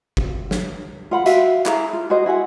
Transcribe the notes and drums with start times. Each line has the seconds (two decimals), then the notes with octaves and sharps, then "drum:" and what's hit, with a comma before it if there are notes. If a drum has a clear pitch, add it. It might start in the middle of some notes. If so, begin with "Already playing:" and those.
0.17 drum: kick G1
0.51 drum: snare
1.11 F4 F#5 B5
1.26 F#4 E5 F5, drum: hi-hat
1.66 E4 G#4 A#5, drum: clap
1.93 F4
2.10 F#4 G#4 C5 D#5
2.26 E4 F#4 G#4 F#5